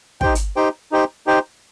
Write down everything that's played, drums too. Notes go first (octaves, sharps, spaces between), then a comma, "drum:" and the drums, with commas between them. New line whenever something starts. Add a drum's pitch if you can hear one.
D#4 G4 C5 G5, drum: kick
drum: hi-hat
D#4 G4 C5 G5
D#4 G4 C5 G5
D#4 G4 C5 G5